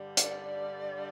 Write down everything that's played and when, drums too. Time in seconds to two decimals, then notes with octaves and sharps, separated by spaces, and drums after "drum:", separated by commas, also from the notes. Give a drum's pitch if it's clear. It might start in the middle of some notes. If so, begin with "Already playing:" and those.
Already playing: G2 D3 G3
0.17 D5, drum: hi-hat